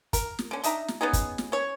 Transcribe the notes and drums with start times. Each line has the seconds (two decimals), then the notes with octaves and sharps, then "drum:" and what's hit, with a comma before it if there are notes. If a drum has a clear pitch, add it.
0.13 A#4, drum: kick, hi-hat
0.39 drum: snare
0.51 D3 C#4
0.63 D4 D#4 E5 A#5, drum: hi-hat
0.88 drum: snare
1.01 B3 C#4 D#4 G#4
1.13 drum: kick, hi-hat
1.38 drum: snare
1.52 C#4 C#5